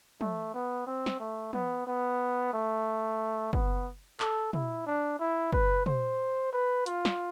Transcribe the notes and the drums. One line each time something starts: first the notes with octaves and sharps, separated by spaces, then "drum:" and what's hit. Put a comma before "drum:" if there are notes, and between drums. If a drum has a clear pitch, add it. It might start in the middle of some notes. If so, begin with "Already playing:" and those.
A3, drum: tom
B3
C4
drum: snare
A3
B3, drum: tom
B3
A3
B3, drum: kick
A4, drum: clap
E4, drum: tom
D4
E4
B4, drum: kick
C5, drum: tom
B4
F4, drum: hi-hat
drum: snare